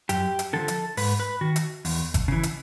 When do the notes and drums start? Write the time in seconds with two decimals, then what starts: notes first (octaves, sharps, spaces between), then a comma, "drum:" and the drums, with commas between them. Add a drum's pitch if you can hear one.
0.09 F#2 G4, drum: hi-hat
0.39 drum: hi-hat
0.53 D3 F3 A4
0.68 drum: hi-hat
0.97 G#2 B4, drum: open hi-hat
1.20 B4
1.41 D#3 F#4
1.56 drum: hi-hat
1.85 E2, drum: open hi-hat
2.14 drum: kick G1, hi-hat
2.28 C#3 E3
2.43 drum: hi-hat